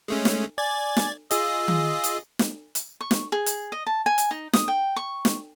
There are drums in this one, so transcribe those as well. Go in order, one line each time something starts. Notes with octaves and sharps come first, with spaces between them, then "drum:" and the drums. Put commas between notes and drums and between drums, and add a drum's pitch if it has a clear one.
G#3 A3 C#4
drum: snare
D5 G#5 G#6 A6
drum: snare
F4 G#4 D#5 E6, drum: hi-hat
drum: tom D#3
drum: hi-hat
drum: snare
drum: hi-hat
C#6
drum: snare
G#4
drum: hi-hat
D#5
A5
G#5
drum: hi-hat
D#4
D#6, drum: snare
G5
C#6
drum: snare